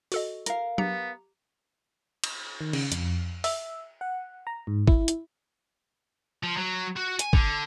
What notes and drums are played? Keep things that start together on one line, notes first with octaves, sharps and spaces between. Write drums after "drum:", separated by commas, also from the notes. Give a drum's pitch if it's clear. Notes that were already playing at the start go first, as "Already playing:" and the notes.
F#4 A4 D#5, drum: open hi-hat
A#4 F5, drum: hi-hat
B3 G4 A#5 C#7, drum: tom F#3
drum: cymbal
D#3
C#3, drum: cymbal
F2, drum: hi-hat
E5, drum: open hi-hat
F#5
A#5
G#2
E4, drum: kick
drum: hi-hat
F3
F#3
F#4
G#5, drum: hi-hat
D3, drum: kick